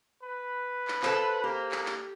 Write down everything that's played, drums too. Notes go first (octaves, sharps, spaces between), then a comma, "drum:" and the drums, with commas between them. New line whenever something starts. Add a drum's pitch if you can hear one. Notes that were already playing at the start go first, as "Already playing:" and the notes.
B4
drum: clap
F4 A4 C5, drum: clap
A#3 G4
drum: clap
drum: clap